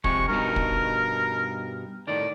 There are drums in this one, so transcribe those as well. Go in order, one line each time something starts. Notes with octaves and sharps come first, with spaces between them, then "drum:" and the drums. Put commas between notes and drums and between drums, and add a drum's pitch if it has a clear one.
C3 F3 G#3 C#6, drum: kick
G2 B2 D#4 A#4
drum: kick
A2 D#3 D5